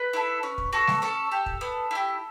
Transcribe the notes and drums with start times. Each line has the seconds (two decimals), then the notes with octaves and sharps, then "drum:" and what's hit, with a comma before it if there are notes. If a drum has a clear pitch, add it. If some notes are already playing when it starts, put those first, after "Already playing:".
Already playing: B4
0.13 E4 A4
0.43 C#4
0.58 drum: kick
0.73 F#4 A4
0.87 drum: snare G3
1.02 C#4 A4
1.31 G4
1.46 drum: kick
1.61 B3
1.91 E4 G4